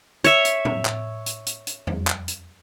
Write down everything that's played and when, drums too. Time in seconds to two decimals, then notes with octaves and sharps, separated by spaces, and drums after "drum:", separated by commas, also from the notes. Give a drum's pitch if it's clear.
0.24 C#5 E5, drum: hi-hat
0.45 drum: hi-hat
0.65 drum: tom A2
0.85 drum: clap
1.26 drum: hi-hat
1.46 drum: hi-hat
1.67 drum: hi-hat
1.87 drum: tom E2
2.07 drum: clap
2.28 drum: hi-hat